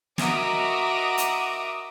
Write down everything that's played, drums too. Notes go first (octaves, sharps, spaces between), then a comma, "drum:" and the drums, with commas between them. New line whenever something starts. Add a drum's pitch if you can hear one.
F#4 A#4 D#5 E5 D6 D#6, drum: snare
drum: hi-hat